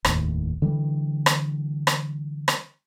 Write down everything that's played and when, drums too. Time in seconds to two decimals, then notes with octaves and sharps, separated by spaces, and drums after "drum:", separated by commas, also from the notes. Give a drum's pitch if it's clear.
0.05 F1 D#2 A2, drum: rim click
0.62 D3 E3 G3
1.26 drum: rim click
1.87 drum: rim click
2.48 drum: rim click